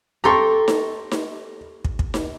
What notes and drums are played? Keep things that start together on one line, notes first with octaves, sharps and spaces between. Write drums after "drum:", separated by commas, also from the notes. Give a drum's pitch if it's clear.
G4 A4 G5 A#5 C6 C#6
drum: snare D#4
drum: snare D#4
drum: kick
drum: kick
drum: snare D#4